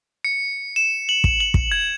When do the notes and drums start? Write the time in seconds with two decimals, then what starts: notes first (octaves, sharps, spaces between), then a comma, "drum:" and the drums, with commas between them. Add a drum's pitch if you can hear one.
0.25 C#7
0.76 E7
1.09 F#7
1.24 drum: kick
1.40 F#7
1.54 drum: kick
1.71 G#6